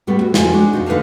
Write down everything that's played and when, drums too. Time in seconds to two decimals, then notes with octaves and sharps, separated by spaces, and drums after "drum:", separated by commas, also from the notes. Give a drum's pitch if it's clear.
0.07 A2 G3 A3 B3
0.21 F#4
0.34 F2 F3 G5 G#5, drum: snare
0.53 G#3 D4 F#4
0.73 F2 B2 D#4
0.86 D3 D#4 B4 E5 F5 A5